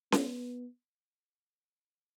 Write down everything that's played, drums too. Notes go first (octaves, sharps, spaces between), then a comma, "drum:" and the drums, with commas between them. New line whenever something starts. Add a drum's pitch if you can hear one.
B3, drum: snare C#4